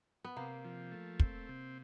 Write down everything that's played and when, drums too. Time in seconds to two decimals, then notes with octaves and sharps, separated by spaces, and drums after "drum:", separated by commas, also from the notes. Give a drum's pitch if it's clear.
0.24 B3
0.36 C3 A#3
0.64 F3
0.91 A3
1.20 C4, drum: kick
1.49 C3